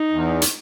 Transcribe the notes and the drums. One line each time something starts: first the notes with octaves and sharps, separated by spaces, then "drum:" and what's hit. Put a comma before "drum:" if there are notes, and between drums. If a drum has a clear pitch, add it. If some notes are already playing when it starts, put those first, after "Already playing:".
Already playing: D#4
E2
drum: hi-hat